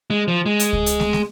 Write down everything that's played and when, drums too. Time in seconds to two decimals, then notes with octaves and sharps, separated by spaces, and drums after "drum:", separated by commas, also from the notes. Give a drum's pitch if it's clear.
0.10 G#3
0.28 F3
0.46 G#3
0.59 drum: hi-hat
0.73 drum: kick C#2
0.86 drum: hi-hat
1.00 drum: snare
1.13 drum: snare